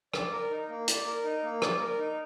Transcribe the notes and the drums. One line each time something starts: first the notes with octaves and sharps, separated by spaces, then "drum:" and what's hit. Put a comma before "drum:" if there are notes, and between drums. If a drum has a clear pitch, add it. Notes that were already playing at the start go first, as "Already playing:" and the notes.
D5, drum: rim click
A#4
D#4
A#3
D5, drum: hi-hat
A#4
D#4
A#3
D5, drum: rim click
A#4
D#4